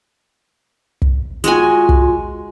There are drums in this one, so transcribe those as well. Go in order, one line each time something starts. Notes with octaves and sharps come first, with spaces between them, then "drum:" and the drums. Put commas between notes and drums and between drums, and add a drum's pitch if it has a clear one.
drum: kick
G#3 F4 F#4 G#5, drum: hi-hat
drum: kick